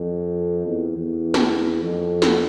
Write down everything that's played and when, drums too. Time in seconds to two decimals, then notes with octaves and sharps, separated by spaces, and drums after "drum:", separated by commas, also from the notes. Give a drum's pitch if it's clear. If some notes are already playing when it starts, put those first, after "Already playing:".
Already playing: F2
0.67 E2
0.97 E2
1.34 drum: snare
1.83 F2
2.22 drum: snare